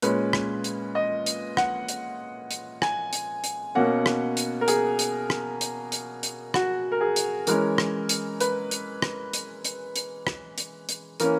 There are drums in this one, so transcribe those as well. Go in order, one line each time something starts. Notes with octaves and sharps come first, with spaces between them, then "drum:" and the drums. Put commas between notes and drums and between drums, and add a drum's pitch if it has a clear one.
A#2 G#3 C#4 B4, drum: hi-hat
drum: rim click
drum: hi-hat
D#5
drum: hi-hat
F#5, drum: rim click
drum: hi-hat
drum: hi-hat
G#5, drum: rim click
drum: hi-hat
drum: hi-hat
B2 A#3 C#4 F#5
drum: rim click
drum: hi-hat
A#4
G#4, drum: hi-hat
drum: hi-hat
drum: rim click
drum: hi-hat
drum: hi-hat
drum: hi-hat
F#4, drum: rim click
A#4
G#4
drum: hi-hat
E3 G#3 C#4 A#4, drum: hi-hat
drum: rim click
drum: hi-hat
B4, drum: hi-hat
drum: hi-hat
drum: rim click
drum: hi-hat
drum: hi-hat
drum: hi-hat
drum: rim click
drum: hi-hat
drum: hi-hat
E3 A#3 C#4 A#4, drum: hi-hat